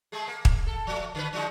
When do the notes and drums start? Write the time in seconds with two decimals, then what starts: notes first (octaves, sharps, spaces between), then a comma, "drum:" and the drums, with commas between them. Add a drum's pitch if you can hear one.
0.12 G#3 A3 G#4
0.28 A#3
0.45 drum: kick
0.67 A4
0.87 F3 A3
1.15 D3 B4
1.33 F3 G#3 D#4